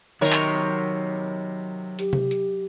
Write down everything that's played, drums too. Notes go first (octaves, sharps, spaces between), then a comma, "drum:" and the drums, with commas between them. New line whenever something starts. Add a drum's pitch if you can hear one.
C3 D#3 F#3 A#4 C#5 D#5 A#5 C6
drum: clap
G4, drum: hi-hat
drum: tom C3
drum: hi-hat